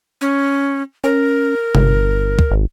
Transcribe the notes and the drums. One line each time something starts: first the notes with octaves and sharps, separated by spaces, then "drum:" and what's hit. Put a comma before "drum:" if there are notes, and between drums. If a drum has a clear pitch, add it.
C#4
C#4 A#4
G1, drum: tom C3
drum: kick
G#1